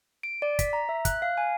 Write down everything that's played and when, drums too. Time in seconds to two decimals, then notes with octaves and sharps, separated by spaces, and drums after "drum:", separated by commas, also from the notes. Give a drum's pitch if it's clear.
0.23 D7
0.42 D5
0.59 B6, drum: kick, hi-hat
0.73 A#5
0.89 E5
1.05 F#6, drum: kick, hi-hat
1.22 F5
1.37 G#5